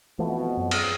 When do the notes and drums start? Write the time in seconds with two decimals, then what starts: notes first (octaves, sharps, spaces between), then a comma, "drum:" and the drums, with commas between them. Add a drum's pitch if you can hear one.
0.19 F2 B2 E3 F3 A3
0.57 F#2
0.71 drum: cymbal